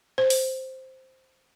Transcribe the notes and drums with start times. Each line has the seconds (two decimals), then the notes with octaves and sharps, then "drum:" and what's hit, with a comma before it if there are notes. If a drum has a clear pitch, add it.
0.18 C5
0.30 drum: open hi-hat